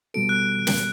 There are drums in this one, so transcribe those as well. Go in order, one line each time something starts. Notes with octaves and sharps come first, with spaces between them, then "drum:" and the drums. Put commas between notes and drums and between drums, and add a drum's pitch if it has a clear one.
B2 G3 B3 F#4 A4 D7
F#6
drum: snare